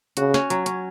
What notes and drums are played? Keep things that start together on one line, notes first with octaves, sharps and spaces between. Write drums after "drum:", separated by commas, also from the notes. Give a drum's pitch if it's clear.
C#3 F#4, drum: hi-hat
C#4, drum: snare
F#3, drum: hi-hat
C#4, drum: hi-hat